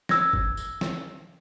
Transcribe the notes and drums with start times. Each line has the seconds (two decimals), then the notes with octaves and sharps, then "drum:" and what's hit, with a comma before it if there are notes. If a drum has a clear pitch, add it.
0.09 E6 G#6 A#6, drum: snare
0.33 drum: kick G1
0.57 drum: tambourine
0.81 drum: snare